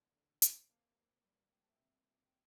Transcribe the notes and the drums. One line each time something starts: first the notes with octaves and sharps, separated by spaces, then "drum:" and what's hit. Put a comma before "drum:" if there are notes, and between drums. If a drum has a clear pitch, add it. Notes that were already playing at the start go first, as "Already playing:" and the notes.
Already playing: E2 D3 A3 A5 C6
D3
C4, drum: hi-hat
A#3 F5 A5
A#3
G3
A#3 G5
A5
E5 G5
C3
A#3
G5